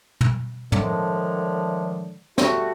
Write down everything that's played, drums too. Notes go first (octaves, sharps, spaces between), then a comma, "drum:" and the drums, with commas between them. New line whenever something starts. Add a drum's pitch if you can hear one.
drum: tom
A2 D3 D#3 F3 G#3, drum: tom
G3 A3 F#4, drum: snare